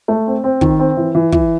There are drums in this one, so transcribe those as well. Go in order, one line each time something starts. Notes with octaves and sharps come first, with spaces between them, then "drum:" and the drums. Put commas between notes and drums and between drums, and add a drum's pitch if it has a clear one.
A3
C4
C4
D#3, drum: kick
C4
E3
E3
E3, drum: kick